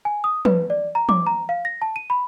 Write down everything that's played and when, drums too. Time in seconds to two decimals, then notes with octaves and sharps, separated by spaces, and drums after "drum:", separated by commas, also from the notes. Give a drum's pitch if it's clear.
0.05 G#5
0.24 D#6
0.45 B4, drum: tom
0.70 D5
0.95 A#5
1.09 D6, drum: tom
1.27 A#5
1.49 F5
1.65 A#6
1.82 A5
1.96 D#7
2.10 B5